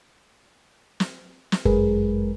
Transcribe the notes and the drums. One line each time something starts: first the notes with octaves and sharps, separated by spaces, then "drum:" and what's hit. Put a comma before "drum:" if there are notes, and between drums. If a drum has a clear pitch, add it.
drum: snare
drum: snare
G1 F#2 G#3 G#4 A#4 B4, drum: kick F#1